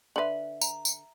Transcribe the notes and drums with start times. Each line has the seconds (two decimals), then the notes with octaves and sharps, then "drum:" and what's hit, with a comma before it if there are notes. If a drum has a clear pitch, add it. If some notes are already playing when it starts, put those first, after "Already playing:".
0.16 D3 B4 E5 F#7
0.62 A#5, drum: tambourine
0.85 drum: tambourine